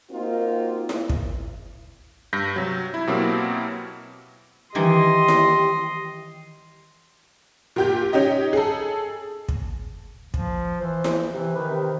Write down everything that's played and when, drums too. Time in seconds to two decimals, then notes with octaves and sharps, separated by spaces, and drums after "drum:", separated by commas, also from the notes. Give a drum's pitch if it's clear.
0.11 A#3 C4 D#4 F4 F#4 A#4
0.89 drum: snare E4
1.09 drum: kick
2.33 G2 G6 A#6 B6
2.56 C3 F#3
2.94 E4
3.07 B2 F#3 A#3 C4 E4 G4
4.75 D#3 E3 G3 G4 D#5 C6
5.28 drum: snare E4
7.76 A#2 G4 G6
8.13 C#4 D#4 G4 D#5
8.53 G#4 A4
9.49 drum: kick
10.34 F3, drum: kick
10.81 E3 C5
11.04 drum: snare E4
11.33 C3 E3
11.55 D#3 B4
11.70 C3